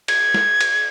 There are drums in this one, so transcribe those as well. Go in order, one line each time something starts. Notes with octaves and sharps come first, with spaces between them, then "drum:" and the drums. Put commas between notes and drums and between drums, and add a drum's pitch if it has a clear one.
G#6, drum: cymbal
drum: snare
drum: cymbal